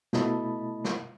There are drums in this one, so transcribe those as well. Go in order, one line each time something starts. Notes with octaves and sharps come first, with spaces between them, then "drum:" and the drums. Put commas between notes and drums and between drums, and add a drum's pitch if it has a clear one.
B2 A3 E4 D#5 A5 B5, drum: snare
drum: snare